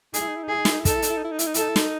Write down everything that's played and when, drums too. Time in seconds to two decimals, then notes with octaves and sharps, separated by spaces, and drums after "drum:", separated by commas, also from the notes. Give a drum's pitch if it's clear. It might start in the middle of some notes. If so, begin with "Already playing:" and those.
0.14 D#4 G#4, drum: hi-hat
0.21 E4
0.28 D#4
0.36 E4
0.43 D#4
0.49 E4 G#4
0.58 D#4
0.65 E4, drum: snare
0.73 D#4
0.80 E4
0.85 D#4 A4, drum: kick, hi-hat
0.95 E4
1.02 D#4, drum: hi-hat
1.09 E4
1.17 D#4
1.24 E4
1.32 D#4
1.39 E4, drum: hi-hat
1.47 D#4
1.54 E4 A4, drum: hi-hat
1.61 D#4
1.68 E4
1.76 D#4, drum: snare